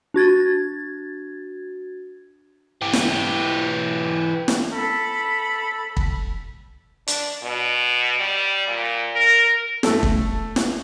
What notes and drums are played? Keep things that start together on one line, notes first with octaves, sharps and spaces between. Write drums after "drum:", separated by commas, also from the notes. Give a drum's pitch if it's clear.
D4 F#4 G#6 A6
E3 G4
drum: snare
drum: snare
A4 B5
drum: kick
D4, drum: hi-hat
B2
G3
A#2
A#4
A3 A4, drum: snare
drum: kick
drum: snare